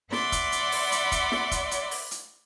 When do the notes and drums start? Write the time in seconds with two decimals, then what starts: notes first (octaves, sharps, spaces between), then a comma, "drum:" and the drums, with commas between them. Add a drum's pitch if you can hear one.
0.12 D5 E5 F#5 B5 C6 D6, drum: snare
0.32 drum: kick, hi-hat
0.52 drum: hi-hat
0.72 drum: open hi-hat
0.92 drum: hi-hat
1.12 drum: kick, hi-hat
1.32 drum: snare
1.51 drum: kick, hi-hat
1.71 drum: hi-hat
1.91 drum: open hi-hat
2.11 drum: hi-hat